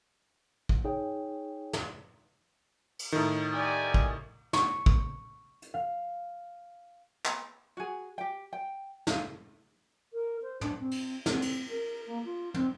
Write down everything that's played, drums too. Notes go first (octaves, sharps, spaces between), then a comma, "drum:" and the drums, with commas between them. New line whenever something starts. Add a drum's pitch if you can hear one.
drum: kick
D#4 G#4 C#5 G5
drum: snare
drum: cymbal
A2 D#3
G4 D5 G#5
drum: kick
C#6, drum: snare
drum: kick
drum: hi-hat
F5
drum: clap
F#4 G#4
G4 G5
G5
D#4 F5, drum: snare
A#4
C5
D4, drum: tom
C4
drum: cymbal
C4, drum: snare
drum: cymbal
A#4
A#3
F4
C4, drum: tom